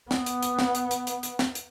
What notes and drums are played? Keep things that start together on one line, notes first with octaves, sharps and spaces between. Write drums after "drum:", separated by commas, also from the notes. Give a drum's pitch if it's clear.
B3, drum: snare
drum: hi-hat
drum: hi-hat
drum: snare
drum: hi-hat
drum: hi-hat
drum: hi-hat
drum: hi-hat
drum: snare
drum: hi-hat